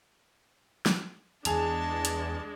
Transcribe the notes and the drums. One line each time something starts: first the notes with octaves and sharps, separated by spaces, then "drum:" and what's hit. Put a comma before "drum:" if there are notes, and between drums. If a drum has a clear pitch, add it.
drum: snare
E2 G#3 D4 G#4 A5 F7, drum: hi-hat
drum: hi-hat